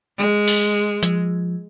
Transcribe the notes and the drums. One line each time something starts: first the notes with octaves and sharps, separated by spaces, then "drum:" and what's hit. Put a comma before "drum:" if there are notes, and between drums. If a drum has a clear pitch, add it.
G#3
drum: open hi-hat
F3, drum: hi-hat